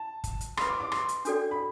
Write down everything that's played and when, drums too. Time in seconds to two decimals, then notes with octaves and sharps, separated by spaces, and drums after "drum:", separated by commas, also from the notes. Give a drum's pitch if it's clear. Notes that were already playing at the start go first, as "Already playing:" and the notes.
Already playing: A5
0.24 drum: kick, hi-hat
0.41 drum: hi-hat
0.57 B4 F#5 B5 C6, drum: rim click
0.69 D6
0.80 D6
0.92 C6, drum: rim click
1.09 drum: hi-hat
1.25 D4 F#4 A4 D5 G5, drum: hi-hat
1.51 B5